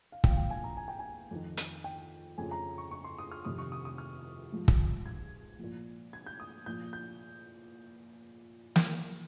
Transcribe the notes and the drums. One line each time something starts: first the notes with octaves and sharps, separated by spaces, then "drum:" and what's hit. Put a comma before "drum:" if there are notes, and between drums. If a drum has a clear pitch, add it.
F5
A#2 F3 G5, drum: kick
F5
G5
G#5
A#5
G#5
G5
G#5
F2 D#3
drum: hi-hat
G5
F2 C#3 F3 G#5
A#5
C#6
C#6
C6
D#6
F6
F2 C3 D#3 D#6
C#6
D#6
D#6
F6
G#2 F3
drum: kick
G#6
A#2 F3
G#6
G6
D#6
A#2 F3 G6
G6
drum: snare